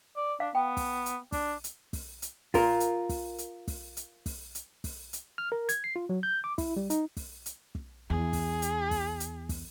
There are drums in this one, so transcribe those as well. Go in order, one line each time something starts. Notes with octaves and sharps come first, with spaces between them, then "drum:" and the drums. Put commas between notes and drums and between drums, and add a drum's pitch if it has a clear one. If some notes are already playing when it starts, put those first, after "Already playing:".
D5
D4 F5
B3 G5
drum: kick, open hi-hat
drum: hi-hat
D4, drum: kick, open hi-hat
drum: hi-hat
drum: kick, open hi-hat
drum: hi-hat
F4 A#4, drum: kick, open hi-hat
drum: hi-hat
drum: kick, open hi-hat
drum: hi-hat
drum: kick, open hi-hat
drum: hi-hat
drum: kick, open hi-hat
drum: hi-hat
drum: kick, open hi-hat
drum: hi-hat
F6
A#4
G#6, drum: hi-hat
C7
F4
F#3
G6
D6
E4, drum: kick, open hi-hat
G3
D#4, drum: hi-hat
drum: kick, open hi-hat
drum: hi-hat
drum: kick
E2 G#4
drum: kick, open hi-hat
drum: hi-hat
drum: kick, open hi-hat
drum: hi-hat
drum: kick, open hi-hat